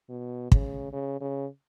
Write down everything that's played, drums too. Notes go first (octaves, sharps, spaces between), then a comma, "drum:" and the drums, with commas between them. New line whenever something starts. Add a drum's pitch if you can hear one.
B2
C#3, drum: kick
C#3
C#3